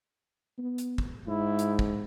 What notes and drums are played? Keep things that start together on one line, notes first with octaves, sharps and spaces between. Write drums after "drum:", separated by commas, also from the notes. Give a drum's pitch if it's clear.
B3
drum: hi-hat
drum: kick
G#2 E4
drum: hi-hat
drum: kick